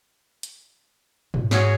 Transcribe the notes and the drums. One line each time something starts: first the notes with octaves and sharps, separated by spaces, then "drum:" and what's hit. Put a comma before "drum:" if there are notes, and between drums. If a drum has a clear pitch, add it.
drum: hi-hat
G#2, drum: tom G#2
F#4 G#4 C#5, drum: snare